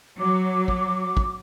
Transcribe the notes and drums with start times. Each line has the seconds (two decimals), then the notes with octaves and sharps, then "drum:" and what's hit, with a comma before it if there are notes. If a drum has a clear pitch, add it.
0.19 F#3 D6
0.68 drum: kick
1.17 drum: kick